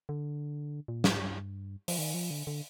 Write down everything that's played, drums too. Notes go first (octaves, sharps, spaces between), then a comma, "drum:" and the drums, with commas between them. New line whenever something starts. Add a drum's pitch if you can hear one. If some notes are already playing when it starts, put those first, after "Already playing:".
D3
A#2
G#2, drum: snare
G2
F3, drum: open hi-hat
D#3
F3
D3
D3